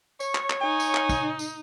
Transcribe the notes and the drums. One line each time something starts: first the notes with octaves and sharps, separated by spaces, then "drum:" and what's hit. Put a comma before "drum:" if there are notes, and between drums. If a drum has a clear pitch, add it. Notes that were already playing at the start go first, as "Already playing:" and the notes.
C#5, drum: tambourine
drum: clap
drum: clap
D#4 G#5
drum: tambourine
drum: clap
drum: kick, tambourine
drum: tambourine